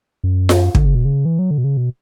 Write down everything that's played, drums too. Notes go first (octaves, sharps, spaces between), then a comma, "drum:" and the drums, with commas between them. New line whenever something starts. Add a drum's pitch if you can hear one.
F#2
drum: snare F4
D3, drum: kick
C#3
B2
C#3
E3
F#3
D3
B2
C#3
B2